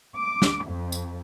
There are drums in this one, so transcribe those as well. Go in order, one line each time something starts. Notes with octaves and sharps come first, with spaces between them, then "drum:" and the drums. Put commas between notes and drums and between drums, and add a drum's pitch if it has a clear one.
D6
drum: snare
F2
drum: tambourine